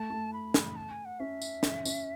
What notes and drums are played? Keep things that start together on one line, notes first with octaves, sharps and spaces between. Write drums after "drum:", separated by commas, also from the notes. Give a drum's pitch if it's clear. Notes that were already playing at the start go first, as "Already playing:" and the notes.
Already playing: A3 A5
A3
B5
drum: snare
A5
G#5
F#5
C#4 E5
drum: tambourine
C#4, drum: snare
C#4, drum: tambourine